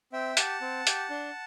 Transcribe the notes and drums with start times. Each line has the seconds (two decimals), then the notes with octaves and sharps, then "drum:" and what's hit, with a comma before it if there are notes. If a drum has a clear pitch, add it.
0.13 C4 E5 G5
0.37 G4 F#5 A5, drum: hi-hat
0.61 C4
0.87 G4, drum: hi-hat
1.10 D4